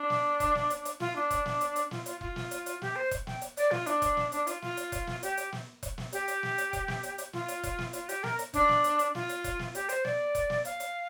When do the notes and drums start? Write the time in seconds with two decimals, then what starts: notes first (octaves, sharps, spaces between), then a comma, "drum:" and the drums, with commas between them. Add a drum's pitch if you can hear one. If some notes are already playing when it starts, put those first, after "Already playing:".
Already playing: D4
0.10 drum: snare
0.40 drum: kick E1, hi-hat
0.55 drum: snare
0.70 drum: hi-hat
0.85 drum: hi-hat
1.00 F4, drum: snare
1.16 D4
1.31 drum: kick E1, hi-hat
1.46 drum: snare
1.61 drum: hi-hat
1.76 drum: hi-hat
1.91 F4, drum: snare
2.06 F4, drum: hi-hat
2.21 F4, drum: kick E1
2.36 drum: snare
2.51 drum: hi-hat
2.66 drum: hi-hat
2.82 G4, drum: snare
2.96 C5
3.11 drum: kick E1, hi-hat
3.27 G5, drum: snare
3.41 drum: hi-hat
3.57 D5, drum: hi-hat
3.71 F4, drum: snare
3.86 D4, drum: hi-hat
4.02 drum: kick E1, hi-hat
4.17 drum: snare
4.32 D4, drum: hi-hat
4.47 F4, drum: hi-hat
4.62 F4, drum: snare
4.77 drum: hi-hat
4.92 drum: kick E1, hi-hat
5.07 drum: snare
5.23 G4, drum: hi-hat
5.37 drum: hi-hat
5.52 drum: snare
5.83 drum: kick E1, hi-hat
5.98 drum: snare
6.13 G4, drum: hi-hat
6.28 drum: hi-hat
6.43 drum: snare
6.58 drum: hi-hat
6.73 drum: kick E1, hi-hat
6.88 drum: snare
7.03 drum: hi-hat
7.18 drum: hi-hat
7.33 F4, drum: snare
7.48 drum: hi-hat
7.63 drum: kick E1, hi-hat
7.79 drum: snare
7.93 F4, drum: hi-hat
8.09 G4, drum: hi-hat
8.24 A#4, drum: snare
8.39 drum: hi-hat
8.54 D4, drum: kick E1, hi-hat
8.69 drum: snare
8.84 drum: hi-hat
8.99 drum: hi-hat
9.15 F4, drum: snare
9.29 drum: hi-hat
9.44 drum: kick E1, hi-hat
9.59 drum: snare
9.75 G4, drum: hi-hat
9.89 C5, drum: hi-hat
10.05 D5, drum: snare
10.35 drum: kick E1, hi-hat
10.50 drum: snare
10.65 F5, drum: hi-hat
10.80 drum: hi-hat